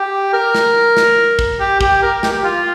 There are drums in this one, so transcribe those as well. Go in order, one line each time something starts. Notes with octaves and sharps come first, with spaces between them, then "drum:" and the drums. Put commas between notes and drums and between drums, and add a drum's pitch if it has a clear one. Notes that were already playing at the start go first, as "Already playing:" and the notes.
Already playing: G4
A#4
drum: snare
drum: snare
drum: kick
G4
G4, drum: kick
A#4
G4, drum: snare
G4
F4